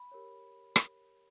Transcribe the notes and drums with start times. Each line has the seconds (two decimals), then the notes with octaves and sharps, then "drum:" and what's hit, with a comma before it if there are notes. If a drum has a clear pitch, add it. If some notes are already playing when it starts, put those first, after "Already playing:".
Already playing: B5
0.12 G4 A#4 C#5
0.76 drum: rim click